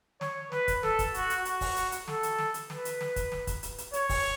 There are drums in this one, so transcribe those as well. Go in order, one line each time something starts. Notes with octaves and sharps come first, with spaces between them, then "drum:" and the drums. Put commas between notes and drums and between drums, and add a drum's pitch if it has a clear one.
C#5, drum: snare
B4, drum: snare
drum: kick, hi-hat
A4, drum: snare
drum: kick, hi-hat
F#4, drum: hi-hat
drum: hi-hat
F#4, drum: hi-hat
drum: kick, open hi-hat
drum: hi-hat
drum: hi-hat
A4, drum: snare
drum: hi-hat
drum: snare
drum: hi-hat
B4, drum: snare
drum: hi-hat
drum: snare
drum: kick, hi-hat
drum: snare
drum: kick, hi-hat
drum: hi-hat
drum: hi-hat
C#5, drum: hi-hat
drum: kick, open hi-hat